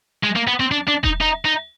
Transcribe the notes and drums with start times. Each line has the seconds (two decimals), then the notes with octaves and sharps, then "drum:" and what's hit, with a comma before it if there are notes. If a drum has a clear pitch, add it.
0.23 G#3
0.36 A#3
0.47 B3
0.60 C4
0.72 D4
0.88 D4
1.04 D#4, drum: kick E1
1.21 D#4
1.45 D#4